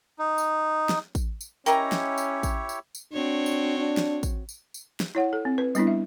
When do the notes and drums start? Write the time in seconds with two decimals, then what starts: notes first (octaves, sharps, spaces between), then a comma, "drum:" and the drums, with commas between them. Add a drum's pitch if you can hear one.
0.19 D#4
0.38 drum: tambourine
0.89 drum: snare
1.15 drum: kick A1, tambourine
1.41 drum: tambourine
1.66 C#4 E4 G4 A#4 C#5 D#5 G5 A#5, drum: tambourine
1.92 drum: snare
2.18 drum: tambourine
2.43 drum: kick A1, tambourine
2.69 drum: tambourine
2.95 drum: tambourine
3.13 C4 D4 F#4 C#5
3.46 drum: tambourine
3.79 D4
3.97 drum: snare
4.23 drum: kick A1, tambourine
4.49 drum: tambourine
4.74 drum: tambourine
5.00 drum: snare
5.15 E4 C#5 F#5
5.33 A4
5.45 C4
5.58 B4
5.75 G3 B3 D4 E4, drum: tambourine
5.87 E5